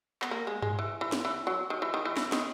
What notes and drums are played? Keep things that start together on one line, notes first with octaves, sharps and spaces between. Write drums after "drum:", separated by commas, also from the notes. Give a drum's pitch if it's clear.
B3, drum: clap
A#3
G#3
G#3, drum: tom G2
E3
E3
drum: snare
E3
F#3
D#3
E3
D#3
E3
E3, drum: snare
D#3, drum: snare